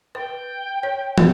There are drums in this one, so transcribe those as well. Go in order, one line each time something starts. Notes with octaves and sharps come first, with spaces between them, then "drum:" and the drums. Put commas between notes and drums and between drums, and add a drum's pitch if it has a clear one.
B4 G5
C#5
B4, drum: tom